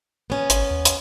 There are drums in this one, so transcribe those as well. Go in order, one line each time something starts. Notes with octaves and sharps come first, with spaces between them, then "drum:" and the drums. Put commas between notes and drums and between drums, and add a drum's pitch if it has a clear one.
B3 C#4
G#1, drum: hi-hat
D#2
drum: hi-hat